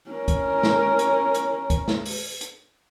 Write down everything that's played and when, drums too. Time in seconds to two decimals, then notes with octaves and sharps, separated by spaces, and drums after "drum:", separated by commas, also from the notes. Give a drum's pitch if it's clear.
0.10 C#4 A#4
0.28 drum: kick C2, hi-hat
0.63 drum: snare
0.99 drum: hi-hat
1.34 drum: hi-hat
1.70 drum: kick C2, hi-hat
1.88 drum: snare
2.06 drum: open hi-hat
2.41 drum: hi-hat